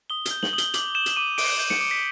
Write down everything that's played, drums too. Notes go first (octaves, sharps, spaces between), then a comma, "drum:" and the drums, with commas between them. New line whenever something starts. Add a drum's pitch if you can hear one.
D#6 G7
G7, drum: hi-hat
G6
F#7, drum: snare
D#6 F#7
G7, drum: hi-hat
D6 F#7, drum: hi-hat
G6 E7
drum: hi-hat
D6 D#7
D6 D7, drum: open hi-hat
G6
C#7, drum: snare
D6
B6